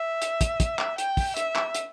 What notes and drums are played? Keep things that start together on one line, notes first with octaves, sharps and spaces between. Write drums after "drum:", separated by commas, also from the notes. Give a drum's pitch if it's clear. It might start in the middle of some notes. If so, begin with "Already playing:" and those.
Already playing: E5
drum: hi-hat
drum: kick, hi-hat
drum: kick, hi-hat
drum: clap
G5, drum: hi-hat
drum: kick, open hi-hat
E5, drum: hi-hat
drum: clap
drum: hi-hat